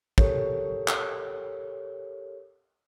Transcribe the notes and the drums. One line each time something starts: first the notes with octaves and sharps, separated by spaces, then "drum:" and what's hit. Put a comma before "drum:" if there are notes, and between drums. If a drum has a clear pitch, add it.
G4 A4 A#4 C#5, drum: kick
drum: clap